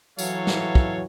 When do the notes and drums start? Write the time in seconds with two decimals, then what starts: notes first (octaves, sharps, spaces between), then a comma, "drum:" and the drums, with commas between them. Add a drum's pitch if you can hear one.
0.19 E3 F#3 A4 C#5 F5, drum: tambourine
0.47 drum: snare
0.75 drum: kick